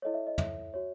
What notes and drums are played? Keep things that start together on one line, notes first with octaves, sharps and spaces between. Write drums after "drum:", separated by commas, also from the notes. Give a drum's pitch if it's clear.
E4 A4 C#5 D#5
E5
D#5
E5, drum: tom
F#4 C#5